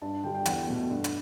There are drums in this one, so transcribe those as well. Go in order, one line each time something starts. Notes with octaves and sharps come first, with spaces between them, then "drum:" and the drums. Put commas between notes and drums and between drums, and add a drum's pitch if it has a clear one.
G2 A5
D3 G3 G5
G5
E2 F#5, drum: hi-hat
B2 A3
G2
drum: hi-hat